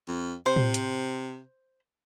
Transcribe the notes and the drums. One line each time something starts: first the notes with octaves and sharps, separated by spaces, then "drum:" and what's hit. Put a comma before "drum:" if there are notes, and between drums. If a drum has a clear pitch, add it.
F2
C3 C5
drum: tom
drum: hi-hat